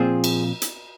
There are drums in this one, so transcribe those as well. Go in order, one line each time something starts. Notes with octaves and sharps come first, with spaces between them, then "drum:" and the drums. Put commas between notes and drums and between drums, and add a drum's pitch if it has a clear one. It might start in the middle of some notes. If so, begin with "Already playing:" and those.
Already playing: A#2 F3 C4 F4 G#4
drum: cymbal
drum: hi-hat